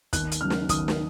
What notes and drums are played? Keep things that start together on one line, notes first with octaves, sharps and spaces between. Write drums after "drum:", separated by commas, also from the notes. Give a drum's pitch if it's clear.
D#2 F#6, drum: kick, hi-hat
drum: hi-hat
C#3 F#3 F6
drum: snare
D#2 D#6, drum: kick, hi-hat
drum: snare